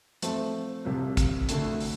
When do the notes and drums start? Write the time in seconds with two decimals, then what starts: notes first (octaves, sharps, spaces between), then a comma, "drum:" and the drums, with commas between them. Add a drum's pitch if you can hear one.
0.22 F3 A3 C4, drum: hi-hat
0.85 C2 C3 F3
1.17 drum: kick, hi-hat
1.49 D2 D3 A3, drum: hi-hat
1.80 drum: open hi-hat